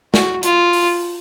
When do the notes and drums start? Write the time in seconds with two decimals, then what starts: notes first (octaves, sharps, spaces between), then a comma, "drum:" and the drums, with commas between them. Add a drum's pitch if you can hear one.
0.14 F#4, drum: snare
0.43 F4, drum: hi-hat
0.73 drum: open hi-hat